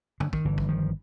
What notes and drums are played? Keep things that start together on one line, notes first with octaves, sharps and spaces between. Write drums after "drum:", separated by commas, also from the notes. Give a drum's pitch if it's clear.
D3, drum: tom
D#3, drum: kick
G1 D3 E3
drum: kick
D#3 F3